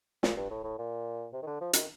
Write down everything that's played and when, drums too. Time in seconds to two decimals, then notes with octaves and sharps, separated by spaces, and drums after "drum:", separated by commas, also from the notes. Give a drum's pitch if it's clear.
0.23 A#2, drum: snare
0.37 G2
0.50 A2
0.64 A2
0.79 A#2
1.33 C3
1.42 D#3
1.47 D3
1.61 F3
1.73 D#3, drum: hi-hat